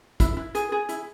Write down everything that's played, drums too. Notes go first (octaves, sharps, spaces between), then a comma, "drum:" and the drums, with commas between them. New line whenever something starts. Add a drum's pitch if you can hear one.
E4, drum: kick, hi-hat
E4
G#4, drum: hi-hat
G#4
E4, drum: hi-hat